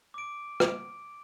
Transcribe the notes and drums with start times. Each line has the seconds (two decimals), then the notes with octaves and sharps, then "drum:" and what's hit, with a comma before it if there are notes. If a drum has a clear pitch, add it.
0.14 D6 D7
0.60 drum: rim click